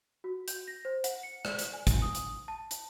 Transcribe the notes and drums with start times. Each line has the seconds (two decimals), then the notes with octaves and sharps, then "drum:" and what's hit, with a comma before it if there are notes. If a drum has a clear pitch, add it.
0.24 F#4
0.48 G6, drum: hi-hat
0.68 A#6
0.85 C5
1.04 F#5, drum: hi-hat
1.23 C#7
1.45 D5, drum: rim click
1.59 drum: hi-hat
1.73 G#5
1.87 drum: kick G#1, hi-hat
2.02 D#6
2.15 drum: hi-hat
2.48 A5
2.71 drum: hi-hat